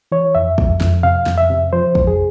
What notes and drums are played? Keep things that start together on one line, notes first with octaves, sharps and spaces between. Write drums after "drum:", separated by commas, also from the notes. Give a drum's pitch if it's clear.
E3 C#5
F2 E5
F2, drum: kick
F2, drum: snare
C3 F5
F2, drum: snare
E5
C3
F3 C5
F2, drum: kick
G#4